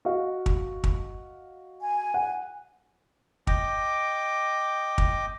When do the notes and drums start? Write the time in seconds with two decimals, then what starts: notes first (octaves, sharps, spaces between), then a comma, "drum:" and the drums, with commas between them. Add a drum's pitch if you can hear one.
0.05 F#4 D#5 F5
0.46 drum: kick
0.84 drum: kick
1.81 G#5
2.14 F#5
3.47 D#5 G5 D6, drum: kick
4.98 drum: kick